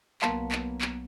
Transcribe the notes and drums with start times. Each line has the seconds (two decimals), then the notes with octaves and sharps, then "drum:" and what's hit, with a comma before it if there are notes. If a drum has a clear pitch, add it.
0.22 B1 A#3 B3 F5 A5 C6, drum: clap
0.52 drum: clap
0.81 drum: clap